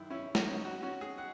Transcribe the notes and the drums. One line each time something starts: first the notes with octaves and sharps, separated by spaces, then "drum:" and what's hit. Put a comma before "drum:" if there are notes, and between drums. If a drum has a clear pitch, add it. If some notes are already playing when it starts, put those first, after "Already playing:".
Already playing: F#2 D#3 E4
C#4 E4
drum: snare
C#4 D#4
F#4
C#4 F#4
G#4
F#5